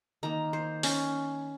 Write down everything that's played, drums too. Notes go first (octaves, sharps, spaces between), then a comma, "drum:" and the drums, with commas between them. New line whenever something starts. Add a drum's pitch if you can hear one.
D#3 A#3 A#5
C5
C#4, drum: open hi-hat